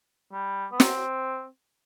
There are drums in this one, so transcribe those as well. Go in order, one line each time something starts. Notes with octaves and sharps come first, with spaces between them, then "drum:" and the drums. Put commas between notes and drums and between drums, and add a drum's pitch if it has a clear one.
G3
B3
C4, drum: snare